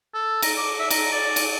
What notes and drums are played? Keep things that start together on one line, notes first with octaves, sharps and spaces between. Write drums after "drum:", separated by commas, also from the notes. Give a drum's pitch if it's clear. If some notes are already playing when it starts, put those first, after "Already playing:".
A4
A#5, drum: cymbal
D6
E5
A#5, drum: cymbal
D5
drum: cymbal